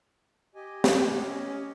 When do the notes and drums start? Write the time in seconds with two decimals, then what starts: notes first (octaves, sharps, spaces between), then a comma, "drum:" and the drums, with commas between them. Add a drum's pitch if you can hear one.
0.55 G4 D#5 G#5
0.84 drum: snare
1.16 C#4